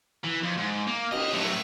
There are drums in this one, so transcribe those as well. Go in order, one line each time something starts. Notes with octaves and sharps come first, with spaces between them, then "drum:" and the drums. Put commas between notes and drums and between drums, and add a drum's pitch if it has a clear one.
E3
F2
G#2
A#3
D#5, drum: cymbal
A2 F#3